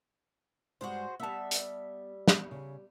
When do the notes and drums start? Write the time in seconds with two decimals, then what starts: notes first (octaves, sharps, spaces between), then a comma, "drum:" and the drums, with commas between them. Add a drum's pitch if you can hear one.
0.81 G2 G3 G#3 F#4 G#4 C5
1.20 G3 B3 E5 F#5 A5
1.51 drum: hi-hat
2.28 B3, drum: snare
2.51 C#3